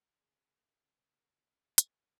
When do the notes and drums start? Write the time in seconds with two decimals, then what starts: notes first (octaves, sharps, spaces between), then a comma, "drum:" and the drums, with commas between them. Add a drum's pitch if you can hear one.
0.18 C#3 G#4
0.51 A#3
0.83 C#3
1.14 A#3
1.47 C#3
1.78 A#3, drum: hi-hat